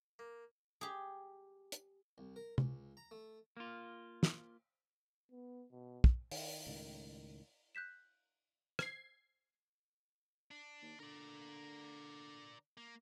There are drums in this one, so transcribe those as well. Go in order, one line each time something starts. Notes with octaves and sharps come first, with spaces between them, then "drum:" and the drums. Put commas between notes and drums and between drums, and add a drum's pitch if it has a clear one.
A#3
G4 G#4
drum: hi-hat
C2
A#4
C#2, drum: tom C3
A#5
A3
A#3 F4
drum: snare
B3
B2
drum: kick
D#3, drum: open hi-hat
C#2 A2 D#3
F#6 G6 B6 E7
G#6 C7, drum: rim click
D4
D#2
D3 A#4 D5
A#3